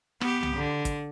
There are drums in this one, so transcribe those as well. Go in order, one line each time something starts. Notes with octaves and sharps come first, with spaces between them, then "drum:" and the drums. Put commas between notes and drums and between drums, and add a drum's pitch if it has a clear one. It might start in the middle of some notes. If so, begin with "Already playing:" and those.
B3 G4, drum: rim click
drum: tom C2
D3
drum: kick, hi-hat